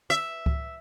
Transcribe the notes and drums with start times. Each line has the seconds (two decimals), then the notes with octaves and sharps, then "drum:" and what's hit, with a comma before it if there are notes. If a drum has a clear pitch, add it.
0.10 E5
0.46 drum: kick C#2